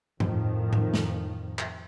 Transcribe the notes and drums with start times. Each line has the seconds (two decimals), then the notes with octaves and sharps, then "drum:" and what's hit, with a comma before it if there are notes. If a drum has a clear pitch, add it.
0.20 F2 A2 D#3 F3, drum: tom G2
0.73 drum: tom G#2
0.94 drum: snare
1.59 drum: clap